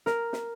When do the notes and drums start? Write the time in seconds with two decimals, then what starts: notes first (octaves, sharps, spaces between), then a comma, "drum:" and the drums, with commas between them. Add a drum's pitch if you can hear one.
0.06 A#4, drum: snare
0.33 drum: snare